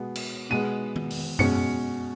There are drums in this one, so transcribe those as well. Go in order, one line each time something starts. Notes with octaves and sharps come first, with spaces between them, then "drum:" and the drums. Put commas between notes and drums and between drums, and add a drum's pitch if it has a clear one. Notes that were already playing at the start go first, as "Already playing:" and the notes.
Already playing: B2 G#3 B3
drum: cymbal
B2 G#3 B3 D#7
drum: tom D#3
drum: open hi-hat
B2 G#3 C#4 C#7, drum: tom F#2